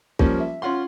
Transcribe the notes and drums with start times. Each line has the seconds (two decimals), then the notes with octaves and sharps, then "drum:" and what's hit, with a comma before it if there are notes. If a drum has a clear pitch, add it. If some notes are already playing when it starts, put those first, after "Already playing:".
0.19 F3 G3 A#3 C#4, drum: kick
0.40 E5
0.62 C#4 F4 F#5 C6